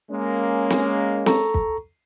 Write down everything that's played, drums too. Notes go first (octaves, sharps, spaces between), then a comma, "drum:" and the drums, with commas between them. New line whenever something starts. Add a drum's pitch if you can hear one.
G#3 A#3 C#4
drum: snare
A4 A#5 C#6, drum: snare
drum: kick